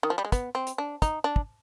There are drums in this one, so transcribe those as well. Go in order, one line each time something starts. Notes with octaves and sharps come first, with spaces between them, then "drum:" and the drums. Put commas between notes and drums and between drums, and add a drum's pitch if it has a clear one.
D#3
F3
G3
G#3
B3, drum: kick, hi-hat
C4
drum: hi-hat
D4
D#4, drum: kick, hi-hat
D4
drum: kick